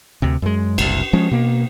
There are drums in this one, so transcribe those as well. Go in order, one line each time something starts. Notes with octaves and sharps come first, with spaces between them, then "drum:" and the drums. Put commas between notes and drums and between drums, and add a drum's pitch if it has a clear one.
D2 C3
F#2 G#3
F#1 C2, drum: cymbal
F3 G#3 C#4
B2 A#3